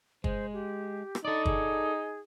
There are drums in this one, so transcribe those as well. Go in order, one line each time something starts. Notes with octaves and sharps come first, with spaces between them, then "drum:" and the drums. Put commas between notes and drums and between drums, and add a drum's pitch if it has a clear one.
G#3 C5, drum: kick
G4
drum: rim click
D#4 A4 D5 A6
G#4, drum: kick